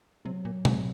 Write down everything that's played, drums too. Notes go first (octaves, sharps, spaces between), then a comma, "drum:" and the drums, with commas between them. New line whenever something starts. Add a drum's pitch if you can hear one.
C3 F#3
A#2
C3, drum: tom